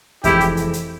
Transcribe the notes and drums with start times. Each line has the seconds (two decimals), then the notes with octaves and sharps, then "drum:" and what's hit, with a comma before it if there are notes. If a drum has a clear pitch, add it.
0.24 F1 F2 E3 G#3 E4 G4, drum: kick, hi-hat
0.40 drum: hi-hat
0.57 drum: hi-hat
0.73 drum: hi-hat